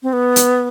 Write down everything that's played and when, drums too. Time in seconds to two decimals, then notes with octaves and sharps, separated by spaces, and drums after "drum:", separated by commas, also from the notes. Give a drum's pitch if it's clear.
0.03 C4
0.13 B3
0.36 drum: hi-hat